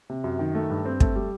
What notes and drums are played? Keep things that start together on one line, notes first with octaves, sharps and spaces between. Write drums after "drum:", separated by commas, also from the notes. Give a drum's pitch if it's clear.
C3
F#2
D#3
A3
G2
C4
A3, drum: kick
G3